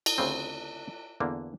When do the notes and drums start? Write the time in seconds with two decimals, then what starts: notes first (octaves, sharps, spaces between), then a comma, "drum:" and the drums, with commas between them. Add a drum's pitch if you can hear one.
0.06 drum: cymbal
0.18 D2 C#3 C4
1.20 E2 D3 A#3